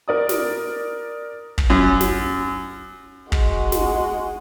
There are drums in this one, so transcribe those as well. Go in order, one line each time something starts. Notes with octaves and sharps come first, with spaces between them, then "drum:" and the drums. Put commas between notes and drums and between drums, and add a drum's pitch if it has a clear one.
A#4 D5 D#6
drum: snare
drum: kick
F#2
drum: snare
G#3 F#4, drum: kick
drum: snare